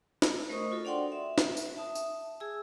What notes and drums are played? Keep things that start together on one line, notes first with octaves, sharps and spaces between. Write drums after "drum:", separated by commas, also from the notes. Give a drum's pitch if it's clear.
drum: snare
A3 A#4 C5 D#5 C#6 D#6
F4 F#4 A4
D4 D5 F#5 G5 C6
E5
drum: snare
drum: tambourine
E5 A5 D#6
drum: tambourine
G#4 G#5 E6